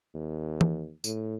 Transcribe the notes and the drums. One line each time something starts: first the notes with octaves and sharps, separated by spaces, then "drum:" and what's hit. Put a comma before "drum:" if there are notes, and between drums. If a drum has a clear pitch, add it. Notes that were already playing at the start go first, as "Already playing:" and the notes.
D#2
drum: tom E3
A2, drum: tambourine